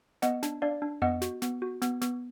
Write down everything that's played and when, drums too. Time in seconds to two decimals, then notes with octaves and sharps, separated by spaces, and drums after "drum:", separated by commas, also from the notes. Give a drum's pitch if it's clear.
0.22 B3 D#5 F#5, drum: snare
0.43 D4, drum: snare
0.62 D4 D5 F5
0.82 D4
1.02 B3 D#5 F#5, drum: tom F2
1.22 F#4, drum: snare
1.42 B3, drum: snare
1.62 F#4
1.82 B3, drum: snare
2.01 B3, drum: snare